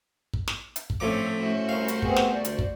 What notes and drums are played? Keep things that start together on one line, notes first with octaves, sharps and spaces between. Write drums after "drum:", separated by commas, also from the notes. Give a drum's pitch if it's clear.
drum: kick
drum: snare
drum: hi-hat
drum: kick
A2 F3 C4 C#4 A4 D6
A3 C#4 E4 F#4 C5
C2 F5
drum: hi-hat
B3 C4 G#4, drum: kick
drum: snare
D2 D5
drum: hi-hat
drum: kick